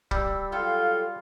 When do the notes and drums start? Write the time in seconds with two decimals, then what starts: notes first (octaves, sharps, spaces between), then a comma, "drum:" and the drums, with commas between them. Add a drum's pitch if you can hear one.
0.11 G3 E6, drum: kick
0.52 F#3 F4 A4 F5 G5